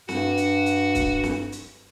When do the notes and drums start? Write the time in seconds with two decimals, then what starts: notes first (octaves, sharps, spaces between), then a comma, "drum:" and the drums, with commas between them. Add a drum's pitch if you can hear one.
0.09 G2 F#4, drum: snare
0.37 drum: hi-hat
0.66 drum: hi-hat
0.95 drum: kick, hi-hat
1.23 drum: snare
1.52 drum: hi-hat